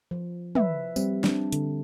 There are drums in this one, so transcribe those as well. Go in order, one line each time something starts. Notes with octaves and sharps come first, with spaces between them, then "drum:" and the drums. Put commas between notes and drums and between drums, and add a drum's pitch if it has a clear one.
F3
B4 E5, drum: tom
G3 C4, drum: tambourine
C4 D4, drum: snare
D3, drum: hi-hat